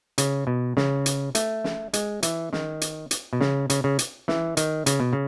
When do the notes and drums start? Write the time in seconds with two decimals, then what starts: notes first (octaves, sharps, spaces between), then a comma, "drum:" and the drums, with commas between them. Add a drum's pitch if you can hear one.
0.18 C#3, drum: hi-hat
0.47 B2
0.77 C#3, drum: snare
1.06 drum: hi-hat
1.35 A3, drum: hi-hat
1.64 drum: snare
1.93 G#3, drum: hi-hat
2.23 E3, drum: hi-hat
2.53 D#3, drum: snare
2.81 drum: hi-hat
3.11 drum: hi-hat
3.33 B2
3.41 C#3, drum: snare
3.70 C#3, drum: hi-hat
3.84 C#3
3.99 drum: hi-hat
4.28 E3, drum: snare
4.57 D#3, drum: hi-hat
4.86 C#3, drum: hi-hat
5.00 B2
5.13 C#3